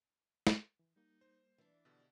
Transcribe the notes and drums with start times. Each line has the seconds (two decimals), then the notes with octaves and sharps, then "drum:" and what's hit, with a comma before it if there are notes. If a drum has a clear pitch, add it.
0.47 drum: snare
0.79 E3
0.96 G3 A#3 D#4
1.21 C5
1.58 E3 D4 D5
1.85 B2 D3 G4 E5 A6